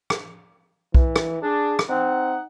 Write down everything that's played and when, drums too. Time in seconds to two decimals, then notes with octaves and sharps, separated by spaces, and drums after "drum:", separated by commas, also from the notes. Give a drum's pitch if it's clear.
0.10 drum: rim click
0.95 E3, drum: kick B1
1.16 drum: rim click
1.42 D4 G#4
1.79 drum: rim click
1.89 C4 D#4 F#5